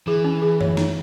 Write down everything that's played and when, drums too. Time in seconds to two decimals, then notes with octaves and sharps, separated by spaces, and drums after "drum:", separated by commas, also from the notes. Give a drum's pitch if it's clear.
0.07 E3 G#4
0.25 C#4
0.42 G#4
0.61 C#5, drum: tom F#2
0.77 D#4, drum: snare